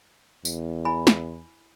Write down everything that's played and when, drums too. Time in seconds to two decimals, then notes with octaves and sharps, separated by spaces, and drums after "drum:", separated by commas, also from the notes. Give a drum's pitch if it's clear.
0.45 E2, drum: tambourine
0.85 E4 G#5 B5
1.07 drum: snare